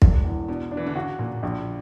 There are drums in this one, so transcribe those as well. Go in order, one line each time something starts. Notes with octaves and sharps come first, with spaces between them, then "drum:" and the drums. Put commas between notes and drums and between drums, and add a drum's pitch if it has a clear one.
E1, drum: kick
E2
B2 D4
D4
E3
D3
C#3 F#4
A#2
A#1